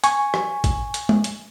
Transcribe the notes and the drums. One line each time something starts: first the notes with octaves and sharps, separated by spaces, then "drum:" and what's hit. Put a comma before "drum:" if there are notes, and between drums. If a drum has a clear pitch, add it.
G#5 C#6, drum: hi-hat
drum: rim click
drum: kick A1, hi-hat
drum: hi-hat
drum: tom G#3
drum: hi-hat